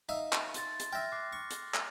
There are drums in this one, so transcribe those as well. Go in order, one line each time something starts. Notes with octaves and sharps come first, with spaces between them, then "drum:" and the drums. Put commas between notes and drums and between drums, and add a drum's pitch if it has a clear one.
D#4 E5 F5
drum: clap
C6 A6, drum: hi-hat
drum: hi-hat
E5 G5 F6 A#6
D6 F#6 C7
C#6
drum: hi-hat
drum: clap